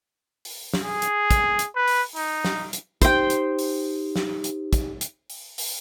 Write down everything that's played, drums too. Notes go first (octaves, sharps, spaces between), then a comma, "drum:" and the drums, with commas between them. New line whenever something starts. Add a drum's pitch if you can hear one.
drum: open hi-hat
drum: snare
G#4
drum: hi-hat
drum: kick, hi-hat
drum: hi-hat
B4
drum: open hi-hat
D#4, drum: open hi-hat
drum: snare
drum: hi-hat
D#4 G4 C5 G5, drum: kick, hi-hat
drum: hi-hat
drum: open hi-hat
drum: snare
drum: hi-hat
drum: kick, hi-hat
drum: hi-hat
drum: open hi-hat
drum: open hi-hat